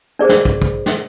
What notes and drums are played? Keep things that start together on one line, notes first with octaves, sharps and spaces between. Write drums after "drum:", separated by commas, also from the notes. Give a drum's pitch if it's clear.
D4 G#4 C5 D5
drum: snare
drum: kick
drum: kick
drum: snare